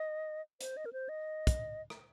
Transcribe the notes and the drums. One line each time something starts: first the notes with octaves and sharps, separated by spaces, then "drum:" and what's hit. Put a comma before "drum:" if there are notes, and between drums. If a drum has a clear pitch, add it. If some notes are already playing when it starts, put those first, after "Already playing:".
Already playing: D#5
C5, drum: hi-hat
D#5
A#4
C5
D#5
drum: kick, hi-hat
drum: rim click